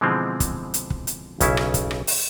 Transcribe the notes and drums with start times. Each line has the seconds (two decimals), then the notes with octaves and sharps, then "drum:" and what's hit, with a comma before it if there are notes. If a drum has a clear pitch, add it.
0.01 B2 D3 E3 F3 G#3 C4
0.40 drum: kick, hi-hat
0.74 drum: hi-hat
0.90 drum: kick
1.07 drum: hi-hat
1.40 B1 C#3 C#4 E4, drum: kick, hi-hat
1.57 drum: rim click
1.74 drum: kick, hi-hat
1.91 drum: rim click
2.07 drum: open hi-hat